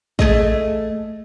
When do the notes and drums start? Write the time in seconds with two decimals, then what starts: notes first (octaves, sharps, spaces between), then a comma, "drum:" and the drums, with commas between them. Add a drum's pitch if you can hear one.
0.19 A3 G#4 D#5, drum: kick